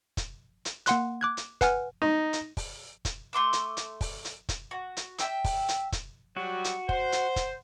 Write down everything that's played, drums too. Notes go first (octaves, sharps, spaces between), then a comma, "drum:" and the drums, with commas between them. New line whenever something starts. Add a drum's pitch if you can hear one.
drum: kick, hi-hat
drum: hi-hat
A#3 F#5 C6 F#6, drum: hi-hat
D6 F#6 G#6
drum: hi-hat
B4 F#5 G#5 F6, drum: kick, hi-hat
D#4
drum: hi-hat
drum: kick, open hi-hat
drum: kick, hi-hat
A3 C6 D6 E6
drum: hi-hat
drum: hi-hat
drum: kick, open hi-hat
drum: hi-hat
drum: kick, hi-hat
F#4
drum: hi-hat
E5 G5 E6, drum: hi-hat
drum: kick, open hi-hat
drum: hi-hat
drum: kick, hi-hat
F#3 G3 F#4
drum: hi-hat
C5 F#5, drum: kick
drum: hi-hat
drum: kick, hi-hat